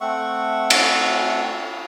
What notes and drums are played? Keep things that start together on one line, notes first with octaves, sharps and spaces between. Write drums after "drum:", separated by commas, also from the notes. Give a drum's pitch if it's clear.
A3 C4 E5 F#5 C#6
drum: cymbal